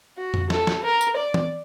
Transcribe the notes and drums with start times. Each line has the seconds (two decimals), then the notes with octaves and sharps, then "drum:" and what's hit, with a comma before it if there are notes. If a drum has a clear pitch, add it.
0.17 F#4
0.34 drum: tom F2
0.50 A4, drum: snare
0.67 drum: snare
0.84 A#4
1.01 drum: tambourine
1.17 D5
1.34 drum: tom E3